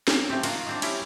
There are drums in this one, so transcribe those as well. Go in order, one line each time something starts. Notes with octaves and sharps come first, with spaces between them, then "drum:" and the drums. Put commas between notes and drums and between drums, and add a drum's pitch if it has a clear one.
drum: snare
C#3 A3 C4 G4 G5
D#3 A#3 F4 F#4, drum: cymbal
G#3 C4 D4
C#4 E4 G4, drum: cymbal